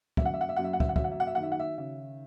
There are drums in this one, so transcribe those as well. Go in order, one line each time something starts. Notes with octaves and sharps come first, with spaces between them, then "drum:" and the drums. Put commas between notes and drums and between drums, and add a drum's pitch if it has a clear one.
F#2 E5, drum: kick
F#5
E5
F#5
E5
F#2 F#5
E5
F#5
E5, drum: kick
F#5
F#3 E5, drum: kick
F#5
E5
F#5
E5
D#3 F#5
E5
F#5
E5
C#3 E5